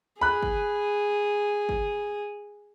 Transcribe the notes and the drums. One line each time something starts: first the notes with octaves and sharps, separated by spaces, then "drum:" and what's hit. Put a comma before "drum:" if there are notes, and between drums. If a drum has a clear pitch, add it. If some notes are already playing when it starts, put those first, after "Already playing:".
G#4 B5 F#6
drum: kick
drum: kick